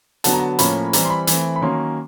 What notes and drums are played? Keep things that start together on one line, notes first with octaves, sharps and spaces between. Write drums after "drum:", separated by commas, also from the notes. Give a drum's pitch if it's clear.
D3 F#3 B3 A5, drum: hi-hat
A#5
A5
A2 F3 A#3 C#4 B5, drum: hi-hat
E3 G3 C4 A#5, drum: hi-hat
C6
B5
E3 A3 C4, drum: hi-hat
B5
D#3 F#3 A#3 C#4 C6